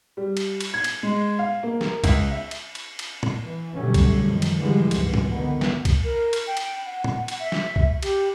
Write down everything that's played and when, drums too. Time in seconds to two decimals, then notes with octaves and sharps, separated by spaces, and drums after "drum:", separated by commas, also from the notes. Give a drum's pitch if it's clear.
0.17 G3
0.37 drum: cymbal
0.61 drum: cymbal
0.74 G#6
0.84 drum: cymbal
1.03 G#3
1.39 F5
1.63 A#3
1.81 A#4, drum: snare
2.04 C#2, drum: kick, cymbal
2.31 E5
2.51 drum: cymbal
2.75 drum: cymbal
2.99 drum: cymbal
3.23 drum: tom
3.41 E3
3.75 B2 D3 F#3 G3 A3 C#4
3.94 drum: kick, cymbal
4.22 F#2 D#3 F3
4.42 drum: cymbal
4.58 G#2 D3 E3 F3 G3 G#3
4.91 G#1 C#2 F#2 E3, drum: cymbal
5.14 drum: tom
5.30 D3 D#3 B3
5.61 drum: snare
5.85 drum: kick, cymbal
6.04 A#4
6.33 drum: cymbal
6.47 G5
6.57 drum: cymbal
6.86 F#5
7.04 drum: tom
7.28 drum: cymbal
7.40 E5
7.52 drum: snare
7.76 drum: kick
8.03 G4, drum: cymbal